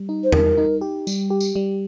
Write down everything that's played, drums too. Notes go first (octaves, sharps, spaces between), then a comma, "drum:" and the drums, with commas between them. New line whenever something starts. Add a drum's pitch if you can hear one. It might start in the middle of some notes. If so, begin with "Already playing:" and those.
Already playing: G3
D#4
C5
G3 A#4, drum: tom E2
D#4
G4
G3, drum: tambourine
G4
drum: tambourine
G3